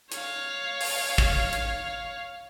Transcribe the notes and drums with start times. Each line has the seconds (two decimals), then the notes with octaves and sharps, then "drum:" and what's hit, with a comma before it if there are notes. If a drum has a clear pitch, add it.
0.12 C#5 F5, drum: hi-hat
0.81 drum: open hi-hat
1.18 drum: kick
1.53 drum: hi-hat